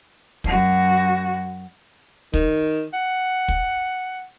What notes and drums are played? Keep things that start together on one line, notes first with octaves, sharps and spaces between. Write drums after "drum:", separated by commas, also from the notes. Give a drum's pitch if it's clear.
F#2 F#4, drum: kick
D#3, drum: kick
F#5
drum: kick